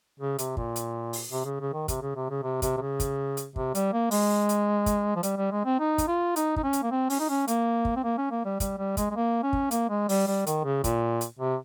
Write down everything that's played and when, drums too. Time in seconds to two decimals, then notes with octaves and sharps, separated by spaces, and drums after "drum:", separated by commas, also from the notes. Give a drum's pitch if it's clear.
0.20 C#3
0.38 C3, drum: hi-hat
0.57 A#2, drum: kick
0.76 drum: hi-hat
1.13 drum: open hi-hat
1.32 C3
1.45 C#3
1.60 C#3
1.73 D#3
1.88 C3, drum: kick, hi-hat
2.02 C#3
2.16 C3
2.30 C#3
2.43 C3
2.62 C3, drum: kick, hi-hat
2.77 C3
2.81 C#3
3.00 drum: kick, hi-hat
3.37 drum: hi-hat
3.56 C3, drum: kick
3.75 G3, drum: hi-hat
3.93 A#3
4.11 G#3, drum: open hi-hat
4.49 drum: hi-hat
4.86 drum: kick, hi-hat
5.16 F3
5.23 G3, drum: hi-hat
5.37 G3
5.51 G#3
5.65 C4
5.80 D#4
5.98 drum: kick, hi-hat
6.08 F4
6.36 D#4, drum: hi-hat
6.56 D#4, drum: kick
6.63 C#4
6.73 drum: hi-hat
6.83 A#3
6.91 C4
7.10 C#4, drum: open hi-hat
7.20 D#4
7.29 C#4
7.48 A#3, drum: hi-hat
7.85 drum: kick
7.96 C4
8.04 A#3
8.18 C#4
8.31 A#3
8.45 G3
8.60 G3, drum: kick, hi-hat
8.78 G3
8.97 G#3, drum: kick, hi-hat
9.11 G#3
9.16 A#3
9.43 C#4
9.53 drum: kick
9.71 A#3, drum: hi-hat
9.90 G#3
10.09 G3, drum: open hi-hat
10.27 G3
10.47 D#3, drum: hi-hat
10.64 C#3
10.84 A#2, drum: kick, hi-hat
11.21 drum: hi-hat
11.39 C3